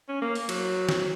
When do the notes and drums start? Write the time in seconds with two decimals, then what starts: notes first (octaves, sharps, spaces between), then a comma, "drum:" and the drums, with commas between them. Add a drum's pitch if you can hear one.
0.08 C#4
0.22 A#3
0.35 drum: open hi-hat
0.49 F#3, drum: cymbal
0.89 drum: snare